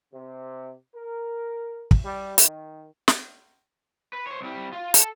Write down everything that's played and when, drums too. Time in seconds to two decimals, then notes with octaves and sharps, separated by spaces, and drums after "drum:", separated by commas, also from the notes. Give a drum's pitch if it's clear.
0.12 C3
0.95 A#4
1.91 drum: kick
2.03 G3
2.38 D#3, drum: hi-hat
3.08 drum: snare
4.13 B4
4.27 C5 C#5
4.41 C2 G3
4.73 F4
4.94 A4, drum: hi-hat